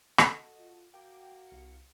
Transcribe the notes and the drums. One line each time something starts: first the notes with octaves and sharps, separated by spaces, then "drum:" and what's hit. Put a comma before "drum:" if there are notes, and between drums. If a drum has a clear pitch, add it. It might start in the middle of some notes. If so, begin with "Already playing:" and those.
F#4 A4 D#5, drum: rim click
F4
A#3 F#4 G5 D6
C2 F5 C#7